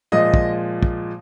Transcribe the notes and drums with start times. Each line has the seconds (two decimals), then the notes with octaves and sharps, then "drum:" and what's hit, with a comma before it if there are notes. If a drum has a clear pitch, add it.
0.12 A#2 F3 G#3 D#5
0.34 drum: kick
0.83 drum: kick